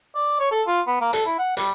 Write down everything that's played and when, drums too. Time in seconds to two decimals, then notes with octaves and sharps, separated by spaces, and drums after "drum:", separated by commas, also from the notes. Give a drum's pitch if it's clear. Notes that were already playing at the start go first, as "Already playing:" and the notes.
0.15 D5
0.39 C#5
0.51 A4
0.67 F4
0.87 B3
1.01 A#3
1.13 A4, drum: hi-hat
1.25 E4
1.38 F#5
1.57 G3, drum: hi-hat